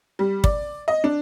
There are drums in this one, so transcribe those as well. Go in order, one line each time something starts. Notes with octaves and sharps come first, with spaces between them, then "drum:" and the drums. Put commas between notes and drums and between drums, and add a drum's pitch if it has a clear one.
G3
D5, drum: kick
D#5
D4